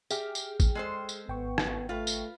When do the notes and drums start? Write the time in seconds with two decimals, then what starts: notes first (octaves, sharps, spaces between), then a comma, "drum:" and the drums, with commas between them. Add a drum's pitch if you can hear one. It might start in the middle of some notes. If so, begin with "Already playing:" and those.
0.11 G4 G#4 E5 G5 F6, drum: tambourine
0.35 drum: tambourine
0.60 drum: kick A1, tambourine
0.75 G#3 A4 C5
1.09 drum: tambourine
1.28 G#1 B3 G5 C#6
1.58 drum: rim click
1.89 A3 F4 B4
2.07 drum: tambourine